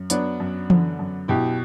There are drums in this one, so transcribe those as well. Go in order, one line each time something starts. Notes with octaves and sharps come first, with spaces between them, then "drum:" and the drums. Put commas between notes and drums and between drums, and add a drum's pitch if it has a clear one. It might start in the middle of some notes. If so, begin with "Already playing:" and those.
Already playing: F#2
F#3 B3 D4, drum: hi-hat
F#2
D3, drum: tom E3
F#2
B2 E4 G4